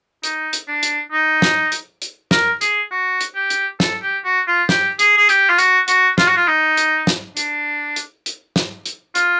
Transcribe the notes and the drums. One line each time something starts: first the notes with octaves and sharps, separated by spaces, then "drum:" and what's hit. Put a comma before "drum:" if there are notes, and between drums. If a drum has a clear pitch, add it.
D#4, drum: hi-hat
drum: hi-hat
D4
drum: hi-hat
D#4
drum: snare
drum: hi-hat
drum: hi-hat
A#4, drum: snare
G#4, drum: hi-hat
F#4
drum: hi-hat
G4
drum: hi-hat
A4, drum: snare
G4
F#4
F4
G4, drum: snare
G#4, drum: hi-hat
G#4
G4, drum: hi-hat
F4
F#4, drum: hi-hat
F#4, drum: hi-hat
F4, drum: snare
F#4
F4
D#4
drum: hi-hat
drum: snare
D4, drum: hi-hat
drum: hi-hat
drum: hi-hat
drum: snare
drum: hi-hat
F4, drum: hi-hat